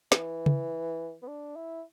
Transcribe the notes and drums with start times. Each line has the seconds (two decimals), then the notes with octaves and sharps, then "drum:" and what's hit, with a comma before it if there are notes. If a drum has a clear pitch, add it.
0.12 E3, drum: snare
0.46 drum: tom C#3
1.22 B3
1.27 D4
1.56 E4